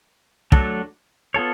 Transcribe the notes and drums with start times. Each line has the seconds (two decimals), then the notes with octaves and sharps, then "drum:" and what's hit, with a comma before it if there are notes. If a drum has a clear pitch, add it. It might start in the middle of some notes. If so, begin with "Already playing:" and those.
0.52 F#3 A3 D4 F#4 A4, drum: kick
1.34 B3 F4 A4 C#5